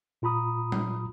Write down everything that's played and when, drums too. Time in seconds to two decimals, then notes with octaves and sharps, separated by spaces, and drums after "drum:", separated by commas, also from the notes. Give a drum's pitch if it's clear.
0.22 A#2 F4 A#5 B5 D#6
0.72 drum: tom F#3